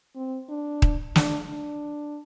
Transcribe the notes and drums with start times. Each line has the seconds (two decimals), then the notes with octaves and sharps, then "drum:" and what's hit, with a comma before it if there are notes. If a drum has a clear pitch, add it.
0.15 C4
0.49 D4
0.82 drum: kick D#1
1.16 D4, drum: snare
1.49 D4